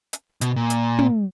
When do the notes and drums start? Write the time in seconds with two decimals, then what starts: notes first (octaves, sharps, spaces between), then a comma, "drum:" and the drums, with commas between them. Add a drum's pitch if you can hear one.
0.13 drum: hi-hat
0.41 B2, drum: hi-hat
0.56 A#2
0.70 drum: hi-hat
0.99 drum: tom